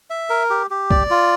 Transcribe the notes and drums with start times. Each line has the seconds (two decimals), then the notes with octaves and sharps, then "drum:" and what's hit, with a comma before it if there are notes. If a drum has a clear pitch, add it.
0.10 E5
0.30 A#4
0.50 G4
0.71 G4
0.91 D5, drum: kick
1.10 F4